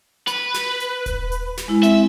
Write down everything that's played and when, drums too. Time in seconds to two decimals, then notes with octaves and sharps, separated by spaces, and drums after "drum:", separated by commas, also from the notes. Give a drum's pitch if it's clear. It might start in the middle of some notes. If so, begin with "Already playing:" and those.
0.27 B4, drum: hi-hat
0.54 drum: snare
0.80 drum: hi-hat
1.06 drum: kick D#1, hi-hat
1.32 drum: hi-hat
1.57 drum: snare
1.68 G#3 E4
1.83 C4 E5, drum: hi-hat